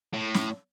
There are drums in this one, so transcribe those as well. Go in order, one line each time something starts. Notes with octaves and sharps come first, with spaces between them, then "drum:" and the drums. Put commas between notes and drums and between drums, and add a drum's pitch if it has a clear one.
A2
drum: snare